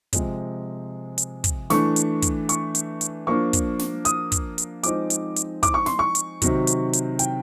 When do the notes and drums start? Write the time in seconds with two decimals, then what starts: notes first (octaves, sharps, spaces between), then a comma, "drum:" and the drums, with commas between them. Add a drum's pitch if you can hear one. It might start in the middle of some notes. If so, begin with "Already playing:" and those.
0.13 C3 F3 G#3 C4, drum: kick, hi-hat
1.18 drum: hi-hat
1.44 drum: kick, hi-hat
1.70 E3 A3 D4 C#6, drum: snare
1.96 drum: hi-hat
2.22 drum: kick, hi-hat
2.49 C#6, drum: hi-hat
2.75 drum: hi-hat
3.01 drum: hi-hat
3.27 F3 A#3 D4 C#6
3.53 drum: kick, hi-hat
3.79 drum: snare
4.05 D#6, drum: hi-hat
4.32 drum: kick, hi-hat
4.58 drum: hi-hat
4.83 F3 G#3 C4 D#4 D6, drum: hi-hat
5.10 drum: hi-hat
5.36 drum: hi-hat
5.63 D6, drum: kick, hi-hat
5.74 C#6
5.86 C6, drum: snare
5.99 C#6
6.15 drum: hi-hat
6.42 C3 D#3 F#3, drum: kick, hi-hat
6.67 drum: hi-hat
6.93 drum: hi-hat
7.19 G5, drum: hi-hat